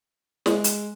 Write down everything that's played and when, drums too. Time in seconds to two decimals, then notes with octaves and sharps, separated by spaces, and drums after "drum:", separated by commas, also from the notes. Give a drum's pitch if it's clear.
0.46 G#3, drum: snare
0.64 drum: hi-hat